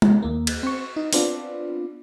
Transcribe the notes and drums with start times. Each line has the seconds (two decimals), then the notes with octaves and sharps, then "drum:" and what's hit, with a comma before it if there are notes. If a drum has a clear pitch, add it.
0.02 drum: tom
0.23 D#2 A#3
0.47 drum: cymbal
0.63 C4 C#6
0.96 D#4
1.13 B3 C4 D4 F4, drum: open hi-hat